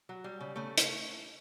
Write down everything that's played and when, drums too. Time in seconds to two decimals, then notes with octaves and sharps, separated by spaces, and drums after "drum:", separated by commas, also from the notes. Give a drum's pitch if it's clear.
0.09 F#3
0.24 G3
0.40 C#3
0.56 C#3 A3
0.78 drum: hi-hat